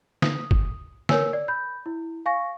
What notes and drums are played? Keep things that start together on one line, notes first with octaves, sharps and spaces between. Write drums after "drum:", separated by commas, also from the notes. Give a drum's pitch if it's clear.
D#6, drum: snare
drum: kick
A#4 B4 C#5 G#5 E6, drum: snare
D5
B5 G6
E4
F5 G#5 C#6 A#6